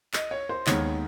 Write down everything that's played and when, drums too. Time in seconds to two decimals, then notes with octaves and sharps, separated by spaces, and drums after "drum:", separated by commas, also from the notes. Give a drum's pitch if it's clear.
0.14 D#5, drum: clap
0.31 C#5
0.49 C5
0.67 D#2 D#3 G#3 B3 C#5, drum: clap